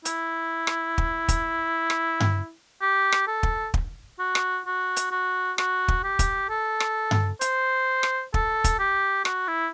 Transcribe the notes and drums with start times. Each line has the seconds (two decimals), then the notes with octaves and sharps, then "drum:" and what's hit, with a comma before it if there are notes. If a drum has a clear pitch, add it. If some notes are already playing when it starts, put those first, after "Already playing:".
0.05 E4, drum: hi-hat
0.67 drum: rim click
0.98 drum: kick
1.28 drum: kick, hi-hat
1.90 drum: rim click
2.20 drum: tom G2
2.82 G4
3.12 drum: rim click
3.28 A4
3.43 drum: kick
3.74 drum: kick
4.19 F#4
4.35 drum: rim click
4.66 F#4
4.96 drum: hi-hat
5.11 F#4
5.58 F#4, drum: rim click
5.88 drum: kick
6.04 G4
6.19 drum: kick, hi-hat
6.50 A4
6.80 drum: rim click
7.11 drum: tom G2
7.41 C5, drum: hi-hat
8.03 drum: rim click
8.34 A4, drum: kick
8.64 drum: kick, hi-hat
8.79 G4
9.25 F#4, drum: rim click
9.48 E4